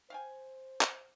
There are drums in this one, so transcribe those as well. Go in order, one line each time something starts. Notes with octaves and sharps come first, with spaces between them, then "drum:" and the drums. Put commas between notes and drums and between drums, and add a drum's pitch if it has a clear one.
C5 F5 G5 G#5
drum: clap